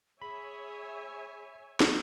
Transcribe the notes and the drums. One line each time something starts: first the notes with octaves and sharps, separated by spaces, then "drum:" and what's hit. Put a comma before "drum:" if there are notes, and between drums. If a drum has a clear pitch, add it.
G#4 C#5 E5 G#5 B5
drum: snare